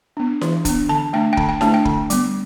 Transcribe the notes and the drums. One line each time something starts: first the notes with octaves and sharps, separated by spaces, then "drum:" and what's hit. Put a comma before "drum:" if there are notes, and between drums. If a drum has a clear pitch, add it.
B3 D4
E3, drum: snare E4
B3 D4, drum: kick, hi-hat
D3 A5
A3 D4 G5
G5
D3 A5, drum: kick
G5
A3 D4 A5, drum: snare E4
G5
D3, drum: kick
G3 B3, drum: hi-hat